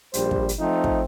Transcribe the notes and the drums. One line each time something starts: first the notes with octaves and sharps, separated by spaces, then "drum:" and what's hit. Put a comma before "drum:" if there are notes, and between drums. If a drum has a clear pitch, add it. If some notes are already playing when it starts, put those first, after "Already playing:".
A#1 G3 G4 C5, drum: hi-hat
drum: kick
drum: hi-hat
F3 A3 C4 D#4
drum: kick